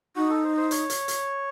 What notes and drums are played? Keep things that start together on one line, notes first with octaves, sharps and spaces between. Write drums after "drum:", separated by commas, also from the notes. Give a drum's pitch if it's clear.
D#4 F#4
A4
C5
C5
C#5, drum: hi-hat
drum: hi-hat
drum: hi-hat